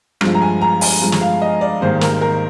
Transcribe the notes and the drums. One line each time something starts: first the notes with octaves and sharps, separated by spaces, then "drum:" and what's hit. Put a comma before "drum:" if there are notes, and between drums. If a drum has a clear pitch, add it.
G2 F3 G#3, drum: rim click
A#5
G#5
A#5
G#5, drum: open hi-hat
G2 F3 G#3
drum: snare
F5
D#5
D5
G#1 G#2 D#3 G3 A#3 C5
A#4, drum: snare
A#4